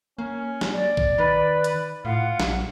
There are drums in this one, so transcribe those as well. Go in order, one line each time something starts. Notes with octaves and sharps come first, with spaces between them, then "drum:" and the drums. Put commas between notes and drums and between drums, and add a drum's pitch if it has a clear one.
A#3 C#4
drum: snare
D5
drum: kick A#1
D#3 B4
drum: hi-hat
A2 F4 F#5
A#1, drum: snare